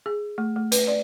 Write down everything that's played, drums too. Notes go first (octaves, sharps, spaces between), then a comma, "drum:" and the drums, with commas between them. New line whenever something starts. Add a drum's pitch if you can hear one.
G#4
A3
A3
B4, drum: hi-hat
D5